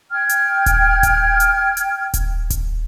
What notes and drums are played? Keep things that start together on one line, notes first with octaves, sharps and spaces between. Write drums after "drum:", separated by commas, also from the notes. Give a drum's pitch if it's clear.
G5 F6 G#6
drum: hi-hat
drum: kick D#1, hi-hat
drum: kick D#1, hi-hat
drum: hi-hat
drum: hi-hat
drum: kick D#1, hi-hat
drum: kick D#1, hi-hat